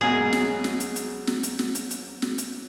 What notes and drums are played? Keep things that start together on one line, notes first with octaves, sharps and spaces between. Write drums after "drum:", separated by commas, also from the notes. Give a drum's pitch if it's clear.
C2 B2 F#3 G#3 A#3 F#4 G#4
drum: snare
drum: snare
drum: hi-hat
drum: hi-hat
drum: snare
drum: hi-hat
drum: snare
drum: hi-hat
drum: hi-hat
drum: snare
drum: hi-hat